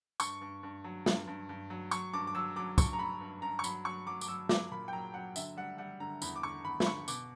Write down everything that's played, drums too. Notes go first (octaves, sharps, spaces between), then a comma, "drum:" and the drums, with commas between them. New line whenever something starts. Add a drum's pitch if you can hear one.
G2 C#6, drum: tambourine
G2
G2
F#3
G2, drum: snare
G2
G2
F#3
F#3 C#6, drum: tambourine
G2 D6
D6
F#3 E6
F#3 D6
G2 C#6, drum: kick, tambourine
A#5
G2 B5
G2
G2 A#5
C#6
F#3 B5, drum: tambourine
F#3 C#6
F#3 D6
D6, drum: tambourine
F#3 E6
F#3 D6, drum: snare
A#2 B5
G5
F#3 A#5
F#3 F#5
D3 E5, drum: tambourine
G3 F#5
G3 F#5
D3 A#5
E2 B5, drum: tambourine
D6
D3 C#6
E2 B5
B5, drum: snare
D3 C#6
B2 D6, drum: tambourine